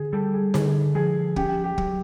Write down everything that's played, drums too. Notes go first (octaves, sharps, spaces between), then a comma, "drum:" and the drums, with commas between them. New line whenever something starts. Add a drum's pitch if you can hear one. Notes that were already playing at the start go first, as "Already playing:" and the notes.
Already playing: D3 G#4
G3 A4
G#4
D3 G#4, drum: snare D#4
F3 G#4
C#4 G4, drum: kick
G4
F#3, drum: kick